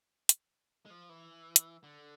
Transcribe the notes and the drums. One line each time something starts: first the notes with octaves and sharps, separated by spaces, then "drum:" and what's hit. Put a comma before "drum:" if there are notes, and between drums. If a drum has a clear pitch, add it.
drum: hi-hat
G#3
F3
E3
drum: hi-hat
D3